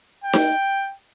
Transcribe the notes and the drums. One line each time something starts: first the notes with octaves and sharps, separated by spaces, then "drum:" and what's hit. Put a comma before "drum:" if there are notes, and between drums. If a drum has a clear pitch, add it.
G5
drum: snare D#4